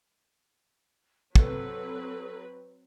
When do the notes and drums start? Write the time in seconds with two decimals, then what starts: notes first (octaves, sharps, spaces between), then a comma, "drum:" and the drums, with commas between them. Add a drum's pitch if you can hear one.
1.36 F#3 C4 A4 B4, drum: kick